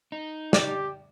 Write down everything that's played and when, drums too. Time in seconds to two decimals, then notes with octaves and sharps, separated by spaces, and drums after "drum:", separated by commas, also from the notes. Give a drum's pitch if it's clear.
0.12 D#4
0.53 G4 D5, drum: snare